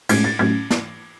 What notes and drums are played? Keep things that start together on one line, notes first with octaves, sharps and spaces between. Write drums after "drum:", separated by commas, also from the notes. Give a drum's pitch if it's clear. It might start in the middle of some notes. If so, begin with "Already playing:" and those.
A2 G#3 C#4 G#6, drum: cymbal
A6
A2 F#3 C#4 G#6
drum: snare